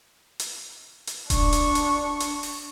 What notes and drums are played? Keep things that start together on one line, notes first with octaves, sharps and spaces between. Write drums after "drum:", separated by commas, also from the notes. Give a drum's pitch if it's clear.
drum: hi-hat
drum: hi-hat
D4 C#6, drum: kick D#1, hi-hat
drum: hi-hat
drum: hi-hat
drum: hi-hat
drum: open hi-hat